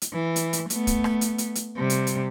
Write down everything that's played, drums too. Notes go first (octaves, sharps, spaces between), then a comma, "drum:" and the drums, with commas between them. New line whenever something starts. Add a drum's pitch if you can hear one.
drum: hi-hat
E3
drum: hi-hat
drum: hi-hat
A3 B3, drum: hi-hat
drum: kick, hi-hat
drum: rim click
drum: hi-hat
drum: hi-hat
drum: hi-hat
C3 G3
drum: hi-hat
drum: hi-hat